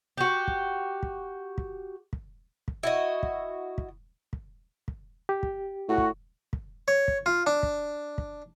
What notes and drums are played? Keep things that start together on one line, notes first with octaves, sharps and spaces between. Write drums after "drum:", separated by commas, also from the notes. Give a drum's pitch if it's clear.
F#4 G4
drum: kick
drum: kick
drum: kick
drum: kick
drum: kick
E4 F#4 D#5
drum: kick
drum: kick
drum: kick
drum: kick
G4
drum: kick
A2 F#4
drum: kick
drum: kick
C#5
drum: kick
F4
D4
drum: kick
drum: kick